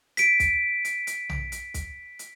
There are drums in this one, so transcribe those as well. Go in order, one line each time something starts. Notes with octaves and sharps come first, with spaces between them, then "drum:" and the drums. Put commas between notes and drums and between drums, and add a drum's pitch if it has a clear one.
B6 D7, drum: hi-hat
drum: kick, hi-hat
drum: hi-hat
drum: hi-hat
drum: tom B1
drum: hi-hat
drum: kick, hi-hat
drum: hi-hat